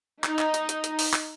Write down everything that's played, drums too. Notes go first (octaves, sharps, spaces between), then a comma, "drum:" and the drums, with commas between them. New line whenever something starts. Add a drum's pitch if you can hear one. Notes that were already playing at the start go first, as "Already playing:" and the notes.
D#4, drum: clap
drum: clap
drum: hi-hat
drum: hi-hat
drum: hi-hat
drum: open hi-hat
drum: clap